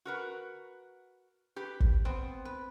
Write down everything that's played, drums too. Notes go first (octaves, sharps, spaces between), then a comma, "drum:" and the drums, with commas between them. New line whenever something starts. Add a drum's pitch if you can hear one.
F#4 A#4 B4
G4 B4
drum: kick
B3 C4
B4